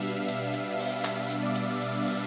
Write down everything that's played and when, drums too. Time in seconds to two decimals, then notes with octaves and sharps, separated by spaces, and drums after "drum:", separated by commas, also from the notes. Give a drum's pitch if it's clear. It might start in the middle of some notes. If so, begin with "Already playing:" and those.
Already playing: B2 G3 B3 D4 E5 F5
0.28 drum: hi-hat
0.54 drum: hi-hat
0.79 drum: open hi-hat
1.05 E5, drum: clap
1.30 drum: hi-hat
1.43 D5
1.56 drum: hi-hat
1.81 E5, drum: hi-hat
2.06 drum: open hi-hat